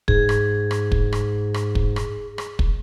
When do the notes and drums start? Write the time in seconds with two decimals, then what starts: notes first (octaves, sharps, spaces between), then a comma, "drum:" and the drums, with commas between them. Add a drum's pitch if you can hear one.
0.08 G#2 G#4, drum: kick
0.29 drum: rim click
0.71 drum: rim click
0.92 drum: kick
1.13 drum: rim click
1.54 drum: rim click
1.75 drum: kick
1.96 drum: rim click
2.38 drum: rim click
2.59 drum: kick